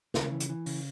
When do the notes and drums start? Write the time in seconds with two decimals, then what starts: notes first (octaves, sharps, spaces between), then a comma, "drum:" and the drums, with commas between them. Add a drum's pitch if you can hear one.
0.14 C#3, drum: snare
0.31 E3
0.40 drum: hi-hat
0.49 E3
0.66 C#3, drum: open hi-hat